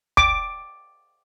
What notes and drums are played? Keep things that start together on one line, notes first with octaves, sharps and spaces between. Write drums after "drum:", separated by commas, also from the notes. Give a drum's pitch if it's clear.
D6, drum: kick